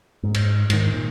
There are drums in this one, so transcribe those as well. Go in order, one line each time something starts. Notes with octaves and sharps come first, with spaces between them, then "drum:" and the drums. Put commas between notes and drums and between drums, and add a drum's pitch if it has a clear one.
G#2
drum: cymbal
G#2 D#3, drum: cymbal
A#2